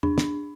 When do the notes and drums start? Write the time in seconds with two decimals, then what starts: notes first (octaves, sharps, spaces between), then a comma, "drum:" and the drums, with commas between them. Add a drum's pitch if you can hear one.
0.03 D4, drum: tom E2
0.18 drum: snare